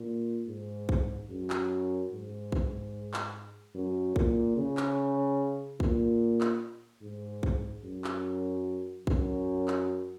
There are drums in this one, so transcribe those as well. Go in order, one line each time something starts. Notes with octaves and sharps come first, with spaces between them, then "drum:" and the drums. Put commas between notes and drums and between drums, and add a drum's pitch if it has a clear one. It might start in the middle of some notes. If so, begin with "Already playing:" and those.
Already playing: A#2
G#2
drum: kick A#1
F#2
drum: clap
G#2
drum: kick A#1
drum: clap
F#2
A#2, drum: kick A#1
C#3
drum: clap
A#2, drum: kick A#1
drum: clap
G#2
drum: kick A#1
F#2
drum: clap
F#2, drum: kick A#1
drum: clap